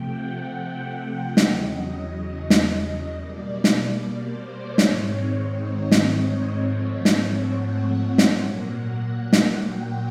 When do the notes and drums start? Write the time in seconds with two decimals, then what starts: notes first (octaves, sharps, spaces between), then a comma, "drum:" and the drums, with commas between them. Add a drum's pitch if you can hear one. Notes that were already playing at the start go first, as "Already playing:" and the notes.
Already playing: C3 F3 A3 G5
0.08 F#5
1.37 E2 C#3 F#3 D#5, drum: snare
2.50 drum: snare
3.07 B2 G3 A#3 D5
3.64 drum: snare
4.20 C5
4.50 C#5
4.78 G#2 D#3 G#3 C4, drum: snare
5.62 D#5
5.91 drum: snare
6.06 C#5
6.48 G#2 F3 A3 C4 C#5
6.90 C#5
7.05 drum: snare
7.33 F#5
8.18 A#2 F#3 A#3, drum: snare
9.04 F#5
9.33 drum: snare
9.47 G5